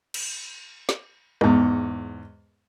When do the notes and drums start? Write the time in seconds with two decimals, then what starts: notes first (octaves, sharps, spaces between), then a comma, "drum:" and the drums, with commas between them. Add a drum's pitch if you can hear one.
0.14 drum: cymbal
0.89 drum: snare
1.41 E2 G#2, drum: rim click